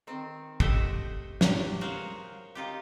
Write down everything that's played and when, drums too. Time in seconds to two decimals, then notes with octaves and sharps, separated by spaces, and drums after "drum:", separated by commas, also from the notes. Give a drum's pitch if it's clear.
0.07 D#3 C4
0.60 A3 G4 C5 D#5 E5 F#5, drum: kick
1.41 C3 F#3 G4 G#5, drum: snare
1.81 F#4 G#4 A#4 C5 C#5 F5
2.55 D#4 F4 G4